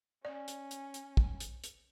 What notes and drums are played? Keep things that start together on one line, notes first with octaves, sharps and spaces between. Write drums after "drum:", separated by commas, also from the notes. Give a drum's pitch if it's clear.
C#4 D5
drum: hi-hat
drum: hi-hat
drum: hi-hat
drum: kick
drum: hi-hat
drum: hi-hat